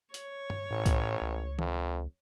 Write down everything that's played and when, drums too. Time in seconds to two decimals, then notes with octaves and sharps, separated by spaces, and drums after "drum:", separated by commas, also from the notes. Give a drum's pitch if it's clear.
0.14 C#5, drum: hi-hat
0.50 drum: tom G2
0.71 A1 A2
0.86 drum: kick C2, hi-hat
1.22 C#2
1.59 F2, drum: tom